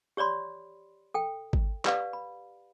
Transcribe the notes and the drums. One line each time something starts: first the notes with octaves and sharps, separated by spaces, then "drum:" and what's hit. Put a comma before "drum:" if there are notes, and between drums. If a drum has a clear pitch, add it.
G4 C#5 D5 B5 C6
A4 G5
drum: kick G#1
G4 B4 D5 F5, drum: clap
B5